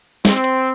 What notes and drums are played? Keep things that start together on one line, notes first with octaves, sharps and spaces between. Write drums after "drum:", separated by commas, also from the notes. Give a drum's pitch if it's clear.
C4, drum: snare
drum: hi-hat